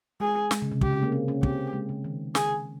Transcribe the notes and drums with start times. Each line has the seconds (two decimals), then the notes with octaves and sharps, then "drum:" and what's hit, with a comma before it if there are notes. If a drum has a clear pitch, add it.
0.20 G#3 G#4
0.51 G#3, drum: snare
0.62 C#3
0.72 C3
0.81 C#3 G4, drum: kick
0.93 C#3
1.03 A#3
1.12 C4
1.28 C#4
1.43 C4 G4, drum: kick
1.73 G#3
1.89 C#3
2.04 D#3
2.35 G#4, drum: snare